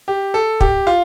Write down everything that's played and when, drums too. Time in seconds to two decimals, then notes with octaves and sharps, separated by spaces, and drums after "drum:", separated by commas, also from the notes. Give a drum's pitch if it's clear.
0.08 G4
0.34 A4
0.61 G4, drum: kick
0.87 F4